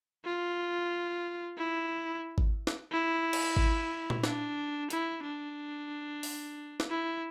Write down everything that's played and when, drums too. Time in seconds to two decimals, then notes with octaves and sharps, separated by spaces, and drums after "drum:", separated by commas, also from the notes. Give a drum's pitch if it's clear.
0.24 F4
1.57 E4
2.38 drum: kick G#1
2.67 drum: snare
2.91 E4
3.33 drum: cymbal
3.57 drum: kick G#1
4.10 drum: tom A#2
4.24 D4, drum: snare
4.90 E4, drum: hi-hat
5.23 D4
6.23 drum: open hi-hat
6.80 drum: snare
6.90 E4